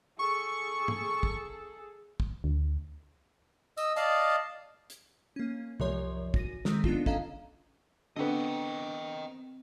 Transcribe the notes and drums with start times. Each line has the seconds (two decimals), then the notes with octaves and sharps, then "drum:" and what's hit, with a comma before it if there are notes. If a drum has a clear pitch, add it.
0.19 G#4 A4 C#6
0.88 drum: tom G#2
1.23 drum: kick
2.20 drum: kick
2.44 D2
3.78 D#5 E6, drum: tambourine
3.96 D5 D#5 F5 A5, drum: hi-hat
4.90 drum: hi-hat
5.36 A#3 C#4
5.80 C2 F#2 F3 A#4 C#5 C6, drum: tom C3
6.34 G#1 A#6 D#7, drum: kick
6.65 D#3 G#3 A3 C4 D#6 B6, drum: snare
6.84 B3 D4 D#4 F4 A4, drum: kick
7.06 C#4 A4 D#5 F5 A#5, drum: kick
8.16 D3 B3 C4 D#5 G5